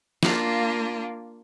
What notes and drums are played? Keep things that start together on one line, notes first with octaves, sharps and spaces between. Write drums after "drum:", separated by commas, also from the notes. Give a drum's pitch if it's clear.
A#3 D4 F4, drum: snare